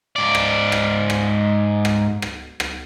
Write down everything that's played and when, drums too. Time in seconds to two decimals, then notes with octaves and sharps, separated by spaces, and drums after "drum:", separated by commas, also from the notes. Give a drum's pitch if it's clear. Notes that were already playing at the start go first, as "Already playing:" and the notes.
0.16 G#2 D5
0.35 drum: rim click
0.72 drum: rim click
1.10 drum: rim click
1.85 drum: rim click
2.22 drum: rim click
2.60 drum: rim click